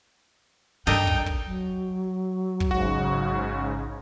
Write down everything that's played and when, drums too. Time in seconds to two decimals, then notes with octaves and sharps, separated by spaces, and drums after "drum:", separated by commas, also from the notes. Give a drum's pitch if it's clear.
0.87 G2 D4 D#4 A4 A#4 G5
1.07 drum: kick
1.26 drum: kick
1.45 F#3
2.60 drum: kick
2.71 A1 G#2 C#3 F#4